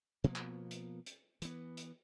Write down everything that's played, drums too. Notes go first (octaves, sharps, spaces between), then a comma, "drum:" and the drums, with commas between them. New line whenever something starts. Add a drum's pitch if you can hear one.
B2 F3 A#3 B3
drum: clap
drum: hi-hat
drum: hi-hat
E3 B3, drum: hi-hat
drum: hi-hat